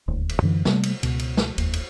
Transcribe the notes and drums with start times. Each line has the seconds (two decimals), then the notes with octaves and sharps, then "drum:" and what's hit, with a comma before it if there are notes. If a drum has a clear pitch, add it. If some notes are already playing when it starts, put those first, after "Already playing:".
0.08 D#1 D2
0.29 drum: cymbal
0.42 F#2 D3 E3
0.65 C3 G3 A3 A#3, drum: snare
0.83 drum: cymbal
1.03 C#2 B2, drum: cymbal
1.19 drum: cymbal
1.37 drum: snare
1.58 F1 D#2, drum: cymbal
1.73 drum: cymbal